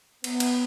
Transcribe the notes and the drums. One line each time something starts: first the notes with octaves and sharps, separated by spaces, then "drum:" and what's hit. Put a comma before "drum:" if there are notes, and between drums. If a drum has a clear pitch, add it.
B3, drum: cymbal
drum: cymbal